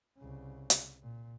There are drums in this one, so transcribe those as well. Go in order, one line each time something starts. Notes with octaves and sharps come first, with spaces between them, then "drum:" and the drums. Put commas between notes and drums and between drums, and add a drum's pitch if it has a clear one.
C2 C#3
drum: hi-hat
A#2